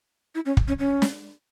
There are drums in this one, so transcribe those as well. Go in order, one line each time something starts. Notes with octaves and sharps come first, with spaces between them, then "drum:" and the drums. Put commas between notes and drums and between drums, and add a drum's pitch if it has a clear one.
E4
C#4
drum: kick
C#4
C#4
drum: snare